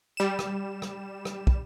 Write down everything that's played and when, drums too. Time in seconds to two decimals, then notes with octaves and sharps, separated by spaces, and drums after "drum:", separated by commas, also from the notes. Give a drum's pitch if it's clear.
0.17 G3 E7
0.39 drum: rim click
0.82 drum: rim click
1.25 drum: rim click
1.47 drum: kick